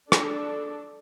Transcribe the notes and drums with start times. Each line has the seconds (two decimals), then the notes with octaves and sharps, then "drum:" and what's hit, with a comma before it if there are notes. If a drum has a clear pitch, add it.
0.12 D4 A4, drum: rim click